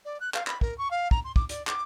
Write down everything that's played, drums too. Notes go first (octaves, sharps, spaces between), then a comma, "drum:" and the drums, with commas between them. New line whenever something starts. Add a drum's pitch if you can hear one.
D5
F#6
F5, drum: clap
B5, drum: clap
A#4, drum: kick
C#6
F5
A#5, drum: kick
C6
D6, drum: kick
D5, drum: hi-hat
D6, drum: clap